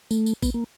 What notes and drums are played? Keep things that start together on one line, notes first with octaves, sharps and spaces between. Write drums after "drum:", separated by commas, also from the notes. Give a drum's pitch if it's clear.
A3, drum: tambourine
drum: tambourine
B3, drum: kick, tambourine
A#3